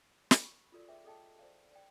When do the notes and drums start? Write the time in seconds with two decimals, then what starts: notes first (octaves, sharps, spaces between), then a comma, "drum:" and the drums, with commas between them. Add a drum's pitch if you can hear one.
0.31 drum: snare
0.42 B5 C#6
0.72 F4 F#4 A4 A#4 D5
0.88 G#4 B4 E5 G5
1.04 G#4 A4 D#5 G5 A5
1.39 C5 D5 F5
1.72 D5 G5